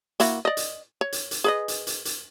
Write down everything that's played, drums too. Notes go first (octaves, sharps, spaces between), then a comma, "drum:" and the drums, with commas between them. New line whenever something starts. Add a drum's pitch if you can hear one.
A#3 E4 F#4, drum: hi-hat
D5 D#5
drum: hi-hat
C#5
drum: hi-hat
drum: hi-hat
G#4 B4 D#5
drum: hi-hat
drum: hi-hat
drum: hi-hat